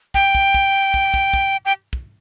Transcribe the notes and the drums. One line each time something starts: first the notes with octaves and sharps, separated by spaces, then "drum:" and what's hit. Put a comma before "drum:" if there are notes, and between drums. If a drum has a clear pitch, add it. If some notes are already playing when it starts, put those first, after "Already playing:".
G5, drum: kick
drum: kick
drum: kick
drum: kick
drum: kick
drum: kick
G5
drum: kick